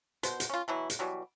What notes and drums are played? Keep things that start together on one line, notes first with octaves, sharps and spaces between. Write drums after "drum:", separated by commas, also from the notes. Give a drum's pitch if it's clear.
B2 B3 C5, drum: hi-hat
drum: hi-hat
C#4 F4
B2 E3 F#3 E4
drum: hi-hat
B2 E3 F#3 G3